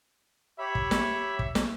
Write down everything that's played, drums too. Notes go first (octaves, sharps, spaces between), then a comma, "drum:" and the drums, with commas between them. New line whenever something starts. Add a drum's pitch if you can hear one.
G4 C#5 E5 B5
drum: kick
drum: snare
drum: kick
drum: snare